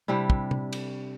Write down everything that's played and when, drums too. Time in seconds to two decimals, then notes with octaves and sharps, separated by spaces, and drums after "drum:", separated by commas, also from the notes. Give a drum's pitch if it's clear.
0.08 C3 G3 D4 E4
0.30 drum: kick
0.51 drum: tom C3
0.73 drum: cymbal